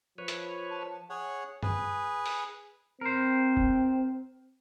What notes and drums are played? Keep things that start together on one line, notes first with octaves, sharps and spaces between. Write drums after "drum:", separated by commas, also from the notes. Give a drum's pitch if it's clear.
F3 B4 C#5
drum: hi-hat
A5
G#4 C#5 F#5
G#4 B4, drum: tom
drum: open hi-hat
C4 A#4 C5
drum: kick F1